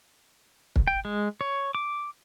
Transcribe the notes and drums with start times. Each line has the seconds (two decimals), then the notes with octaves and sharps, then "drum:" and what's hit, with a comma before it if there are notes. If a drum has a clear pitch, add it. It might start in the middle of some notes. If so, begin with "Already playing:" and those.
0.76 drum: kick
0.87 G5
1.05 G#3
1.41 C#5
1.75 D6